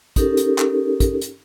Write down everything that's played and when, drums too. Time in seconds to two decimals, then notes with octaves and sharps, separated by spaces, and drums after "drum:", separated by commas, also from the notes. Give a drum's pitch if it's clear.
0.16 C#4 D#4 G4 A4 A#4, drum: kick, hi-hat
0.37 drum: hi-hat
0.58 drum: clap
1.00 drum: kick, hi-hat
1.21 drum: hi-hat